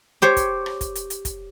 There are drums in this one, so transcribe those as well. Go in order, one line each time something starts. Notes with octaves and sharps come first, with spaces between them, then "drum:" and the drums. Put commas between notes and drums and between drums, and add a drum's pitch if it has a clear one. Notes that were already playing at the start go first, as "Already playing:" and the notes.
G4 C5 C#5
drum: kick, hi-hat
drum: rim click
drum: kick, hi-hat
drum: hi-hat
drum: hi-hat
drum: kick, hi-hat